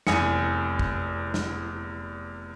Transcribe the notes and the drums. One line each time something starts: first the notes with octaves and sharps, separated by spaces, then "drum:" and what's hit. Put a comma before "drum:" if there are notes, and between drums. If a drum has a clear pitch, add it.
F1 E2 G#5 D#6 C#7, drum: snare
drum: kick
drum: snare